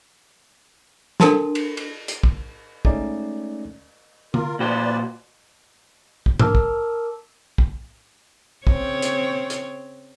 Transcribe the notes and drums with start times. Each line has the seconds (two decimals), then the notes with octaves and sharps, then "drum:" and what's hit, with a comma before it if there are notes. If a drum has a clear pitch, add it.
1.20 D4 A4 A#4 A5 C6, drum: snare
1.55 drum: cymbal
1.77 drum: cymbal
2.08 drum: hi-hat
2.24 drum: kick
2.85 G#3 A3 C#4 D#4 D5, drum: kick
4.34 F4 A#4, drum: tom D3
4.59 A#2 F#4 B4 C5 D5
6.26 drum: kick
6.40 A#4 A5 D6 E6 F6, drum: tom G#2
6.55 drum: kick
7.58 drum: kick
8.67 C#3 C4 C#5, drum: kick
9.02 drum: hi-hat
9.50 drum: hi-hat